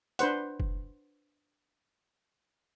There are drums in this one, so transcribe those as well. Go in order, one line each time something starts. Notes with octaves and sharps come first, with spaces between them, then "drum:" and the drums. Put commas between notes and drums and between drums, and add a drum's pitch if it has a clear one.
D4 B4 C5 F#5, drum: hi-hat
drum: kick F#1